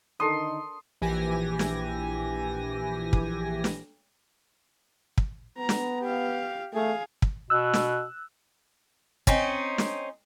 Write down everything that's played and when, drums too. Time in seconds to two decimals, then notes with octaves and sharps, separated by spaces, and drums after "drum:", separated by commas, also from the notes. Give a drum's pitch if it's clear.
0.20 D3 D#3 D4 D#4 A4 A#4 C6 D#6
1.02 A#1 E3 G4 G#5 A#6
1.59 drum: snare
3.13 drum: kick
3.64 drum: snare
5.18 drum: kick
5.58 B3 A#5
5.69 drum: snare
6.03 G4 F5
6.73 A3 G#4 F5
7.22 drum: kick
7.50 B2 E6 F#6
7.73 drum: snare
9.27 C4 C#4 D#4, drum: kick
9.78 drum: snare